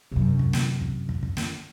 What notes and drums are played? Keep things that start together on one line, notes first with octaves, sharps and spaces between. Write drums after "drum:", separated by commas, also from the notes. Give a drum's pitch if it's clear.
F#2 C3
drum: kick
drum: snare
drum: kick
drum: kick
drum: kick
drum: snare